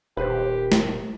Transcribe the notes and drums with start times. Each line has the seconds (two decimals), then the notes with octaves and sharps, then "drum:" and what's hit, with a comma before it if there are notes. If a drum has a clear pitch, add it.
0.17 D#1 G4 B4 C5
0.72 drum: snare